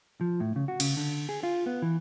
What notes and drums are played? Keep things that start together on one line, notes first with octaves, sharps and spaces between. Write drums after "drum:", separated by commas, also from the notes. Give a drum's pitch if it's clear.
F3
A2
C#3
F#4
C#3, drum: cymbal
D3
G#4
F4
B3
E3